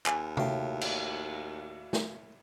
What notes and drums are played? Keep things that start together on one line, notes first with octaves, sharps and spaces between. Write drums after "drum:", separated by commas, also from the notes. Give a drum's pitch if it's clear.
D#2 G#5, drum: clap
A2 F#4 F5 G5, drum: tom C3
drum: cymbal
drum: snare